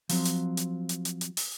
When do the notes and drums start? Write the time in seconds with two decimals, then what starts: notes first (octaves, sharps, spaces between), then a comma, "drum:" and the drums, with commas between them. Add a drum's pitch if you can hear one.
0.09 F3 F#3 C4, drum: open hi-hat
0.25 drum: hi-hat
0.57 drum: hi-hat
0.89 drum: hi-hat
1.05 drum: hi-hat
1.21 drum: hi-hat
1.37 drum: open hi-hat